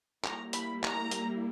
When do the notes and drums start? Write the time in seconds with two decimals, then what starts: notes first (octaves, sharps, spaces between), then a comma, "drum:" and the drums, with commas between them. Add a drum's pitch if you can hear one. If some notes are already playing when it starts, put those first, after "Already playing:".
0.24 G3 A#3 E4 A#5, drum: clap
0.53 B5, drum: hi-hat
0.83 A#5, drum: clap
1.11 drum: hi-hat